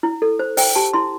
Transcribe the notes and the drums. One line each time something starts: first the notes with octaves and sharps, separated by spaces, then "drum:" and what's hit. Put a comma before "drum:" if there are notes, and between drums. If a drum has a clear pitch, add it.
E4
A4
C5
C5 G5, drum: open hi-hat
G4 A5
E4 C6